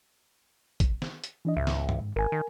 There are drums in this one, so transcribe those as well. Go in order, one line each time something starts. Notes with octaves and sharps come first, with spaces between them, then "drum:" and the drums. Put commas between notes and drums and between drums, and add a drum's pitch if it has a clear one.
drum: kick, hi-hat
drum: snare
drum: hi-hat
E3 D4 D#5
C#2 G#2 E5
drum: snare
drum: tom G2
G#2
G#1 A#4 G#5
D#3